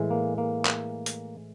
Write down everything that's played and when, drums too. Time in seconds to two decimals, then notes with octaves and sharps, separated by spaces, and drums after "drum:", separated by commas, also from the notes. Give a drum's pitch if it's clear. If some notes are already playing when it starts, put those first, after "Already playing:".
Already playing: A2 E3 G#3
0.10 A#3
0.38 A#3
0.65 drum: clap
1.06 drum: hi-hat